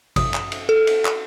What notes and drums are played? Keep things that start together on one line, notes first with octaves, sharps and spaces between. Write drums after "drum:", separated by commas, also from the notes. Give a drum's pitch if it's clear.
D#6, drum: kick G#1, cymbal
drum: clap
drum: cymbal
A4
drum: cymbal
drum: clap